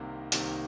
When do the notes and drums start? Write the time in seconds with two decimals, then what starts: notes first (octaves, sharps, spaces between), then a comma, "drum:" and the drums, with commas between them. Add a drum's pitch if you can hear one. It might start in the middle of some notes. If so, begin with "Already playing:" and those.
Already playing: C2 C3 D#3 A#3
0.32 C2 C3 D#3 A#3, drum: hi-hat